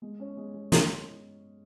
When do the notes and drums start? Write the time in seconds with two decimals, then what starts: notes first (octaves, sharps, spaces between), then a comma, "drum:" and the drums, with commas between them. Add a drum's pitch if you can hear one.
0.02 G#3
0.20 C#4
0.37 G#3
0.54 G#3
0.72 G#3, drum: snare